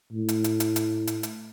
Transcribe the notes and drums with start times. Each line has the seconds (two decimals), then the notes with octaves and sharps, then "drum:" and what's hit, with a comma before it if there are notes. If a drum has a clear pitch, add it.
0.13 A2
0.29 drum: hi-hat
0.44 drum: hi-hat
0.60 drum: hi-hat
0.76 drum: hi-hat
1.07 drum: hi-hat
1.23 drum: hi-hat